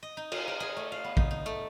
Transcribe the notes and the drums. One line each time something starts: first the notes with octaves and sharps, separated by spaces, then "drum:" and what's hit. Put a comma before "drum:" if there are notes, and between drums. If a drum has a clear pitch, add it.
D#5
D#4
F5, drum: cymbal
A#4
G#4
A3
F5
B3
D#4, drum: kick
D#4
A3